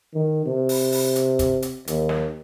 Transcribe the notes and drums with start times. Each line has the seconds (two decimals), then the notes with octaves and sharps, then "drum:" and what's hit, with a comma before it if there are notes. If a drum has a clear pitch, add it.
0.14 D#3
0.46 C3
0.69 drum: open hi-hat
0.92 drum: open hi-hat
1.16 drum: hi-hat
1.39 drum: kick, hi-hat
1.62 drum: hi-hat
1.87 D#2, drum: hi-hat
2.09 drum: snare